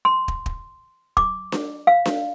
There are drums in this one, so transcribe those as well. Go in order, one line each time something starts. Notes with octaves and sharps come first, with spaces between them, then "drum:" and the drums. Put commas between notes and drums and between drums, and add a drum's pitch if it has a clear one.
C6
drum: kick
drum: kick
D6, drum: kick
drum: snare D4
F5
drum: snare D4